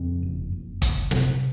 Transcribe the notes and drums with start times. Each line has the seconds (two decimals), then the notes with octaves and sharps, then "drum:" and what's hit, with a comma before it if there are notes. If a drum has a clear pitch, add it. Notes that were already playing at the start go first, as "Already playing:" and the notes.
Already playing: F2 C#3 C4
0.23 F#1
0.52 F#1
0.82 C#2, drum: kick, hi-hat
1.11 C3, drum: snare